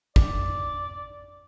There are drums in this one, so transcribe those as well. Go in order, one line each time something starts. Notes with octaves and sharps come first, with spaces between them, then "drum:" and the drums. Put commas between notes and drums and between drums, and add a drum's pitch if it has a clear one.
D5, drum: kick